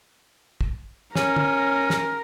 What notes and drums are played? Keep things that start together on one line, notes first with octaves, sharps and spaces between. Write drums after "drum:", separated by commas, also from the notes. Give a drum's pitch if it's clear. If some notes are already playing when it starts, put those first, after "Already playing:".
drum: kick
C#4 A#4, drum: snare
drum: tom
drum: snare